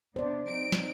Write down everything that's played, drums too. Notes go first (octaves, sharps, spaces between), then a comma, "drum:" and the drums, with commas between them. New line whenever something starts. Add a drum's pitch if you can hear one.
C3 B3 D4 C5 D5
F#3 C4 D#4 D7
drum: snare